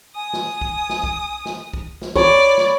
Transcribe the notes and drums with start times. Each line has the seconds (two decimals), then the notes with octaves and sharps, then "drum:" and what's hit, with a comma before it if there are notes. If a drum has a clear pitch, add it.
0.16 G#5 D#6
0.33 drum: snare
0.61 drum: kick
0.89 drum: snare
1.03 drum: kick
1.45 drum: snare
1.74 drum: kick
2.02 drum: snare
2.16 C#5 D5 B5, drum: kick
2.58 drum: snare